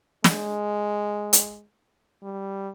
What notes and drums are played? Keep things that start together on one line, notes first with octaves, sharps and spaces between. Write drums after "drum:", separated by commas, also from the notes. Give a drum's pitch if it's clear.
G#3, drum: snare
drum: hi-hat
G3